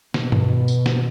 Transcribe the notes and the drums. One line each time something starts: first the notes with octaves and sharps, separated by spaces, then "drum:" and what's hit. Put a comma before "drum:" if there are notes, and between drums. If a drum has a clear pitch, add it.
B2, drum: snare
drum: tom G2
drum: tambourine
drum: snare